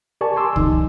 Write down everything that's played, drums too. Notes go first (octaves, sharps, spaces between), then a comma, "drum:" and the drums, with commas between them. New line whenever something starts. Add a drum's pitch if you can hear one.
G4 A#4 D5 G#5 A5 C#6
G#5 A5 C6 D6 E6
F2 B2 D#3 D#4, drum: kick C2